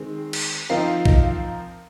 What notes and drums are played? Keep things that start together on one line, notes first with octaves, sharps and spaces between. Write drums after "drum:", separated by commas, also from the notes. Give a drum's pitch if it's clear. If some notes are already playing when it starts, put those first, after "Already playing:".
Already playing: D#3 G#3 C4
drum: cymbal
F3 C4 D#4 A#4 F5
F5
D#5, drum: kick A#1
F5